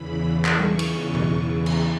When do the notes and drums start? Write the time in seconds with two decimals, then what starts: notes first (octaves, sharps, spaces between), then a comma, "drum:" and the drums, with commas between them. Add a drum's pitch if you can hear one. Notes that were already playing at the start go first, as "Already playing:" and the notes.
Already playing: E2 C#3 E3 B5
0.45 C#6, drum: clap
0.59 drum: tom G3
0.79 drum: cymbal
1.15 drum: tom B2
1.66 drum: cymbal